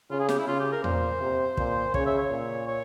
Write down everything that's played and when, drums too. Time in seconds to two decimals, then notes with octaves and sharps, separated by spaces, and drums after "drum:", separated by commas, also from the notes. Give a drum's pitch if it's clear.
0.11 C#3 F4
0.20 G#4
0.29 G4, drum: snare
0.38 E4
0.48 C#3 F4
0.60 G4
0.72 A#4
0.84 A#2 C5, drum: tom E2
1.21 C3
1.57 A#2, drum: kick
1.94 C#3 C#5, drum: kick
2.06 E5
2.18 C#5
2.30 A#2
2.67 C#5